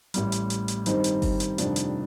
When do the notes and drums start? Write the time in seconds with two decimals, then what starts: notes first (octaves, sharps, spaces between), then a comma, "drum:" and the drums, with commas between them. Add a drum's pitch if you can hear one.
0.14 A1 A2 G3, drum: hi-hat
0.32 drum: hi-hat
0.50 drum: hi-hat
0.68 drum: hi-hat
0.86 G2 D#3 G3 C4 D#4, drum: hi-hat
1.04 drum: hi-hat
1.22 drum: kick G1, open hi-hat
1.40 drum: hi-hat
1.58 F1 F2 D#3 G3 D4, drum: hi-hat
1.76 drum: hi-hat